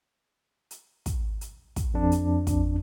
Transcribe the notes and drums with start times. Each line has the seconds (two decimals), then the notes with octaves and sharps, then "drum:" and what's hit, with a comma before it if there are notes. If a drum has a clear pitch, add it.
0.71 drum: hi-hat
1.06 drum: kick, hi-hat
1.41 drum: hi-hat
1.76 drum: kick, hi-hat
1.94 F2 D4
2.12 drum: hi-hat
2.47 drum: kick, hi-hat